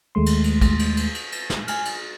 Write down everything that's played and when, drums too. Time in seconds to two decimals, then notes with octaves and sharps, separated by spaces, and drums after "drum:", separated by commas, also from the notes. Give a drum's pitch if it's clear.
0.15 D#2 G#3 A3 C6
0.26 drum: cymbal
0.44 drum: cymbal
0.61 drum: kick A1, cymbal
0.79 drum: cymbal
0.97 drum: cymbal
1.15 drum: cymbal
1.32 drum: cymbal
1.50 drum: snare
1.68 G#5 F6, drum: cymbal
1.85 drum: cymbal